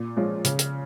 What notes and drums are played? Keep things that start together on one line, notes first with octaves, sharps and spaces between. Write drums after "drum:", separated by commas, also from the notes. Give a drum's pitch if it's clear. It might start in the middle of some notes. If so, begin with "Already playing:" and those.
Already playing: A#2
F3 G#3 C#4 F4
C#3, drum: hi-hat
drum: hi-hat